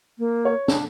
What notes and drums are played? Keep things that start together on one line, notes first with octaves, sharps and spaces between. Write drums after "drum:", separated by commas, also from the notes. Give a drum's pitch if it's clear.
A#3
C#5
D4, drum: snare